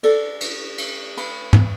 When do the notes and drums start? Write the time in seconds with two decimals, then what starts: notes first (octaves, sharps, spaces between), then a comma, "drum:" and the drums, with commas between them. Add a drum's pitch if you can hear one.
0.03 A4 D5, drum: cymbal
0.41 drum: cymbal
0.78 drum: cymbal
1.17 B5, drum: cymbal
1.53 drum: tom